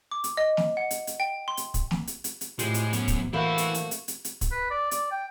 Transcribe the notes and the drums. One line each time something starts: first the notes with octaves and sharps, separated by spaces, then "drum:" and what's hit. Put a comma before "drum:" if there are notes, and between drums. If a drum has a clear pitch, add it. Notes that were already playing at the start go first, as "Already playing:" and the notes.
D6
drum: hi-hat
D#5
drum: snare
F#5
drum: hi-hat
drum: hi-hat
G5
C6
drum: hi-hat
drum: kick, hi-hat
drum: snare
drum: hi-hat
drum: hi-hat
drum: hi-hat
A2 G#3 F4 G4 C5, drum: hi-hat
drum: hi-hat
F#2 B3 C#5, drum: hi-hat
drum: kick, hi-hat
E3 A3 A#3 E4 F#4 B4 C5
drum: hi-hat
drum: hi-hat
drum: hi-hat
drum: hi-hat
drum: hi-hat
drum: kick, hi-hat
B4
D5
D5, drum: hi-hat
G5